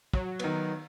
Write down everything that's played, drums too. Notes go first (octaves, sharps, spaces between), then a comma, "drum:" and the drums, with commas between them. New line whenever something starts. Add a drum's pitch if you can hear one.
F#3, drum: kick
D#3 B3, drum: cymbal